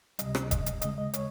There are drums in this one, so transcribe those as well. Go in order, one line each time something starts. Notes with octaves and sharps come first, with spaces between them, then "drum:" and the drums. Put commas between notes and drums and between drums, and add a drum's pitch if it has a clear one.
C#2 C3 G3 D#5, drum: hi-hat
drum: rim click
D#5, drum: kick E1, hi-hat
drum: hi-hat
D#2 C#3 G#3 D#5, drum: hi-hat
D#5
C#5, drum: hi-hat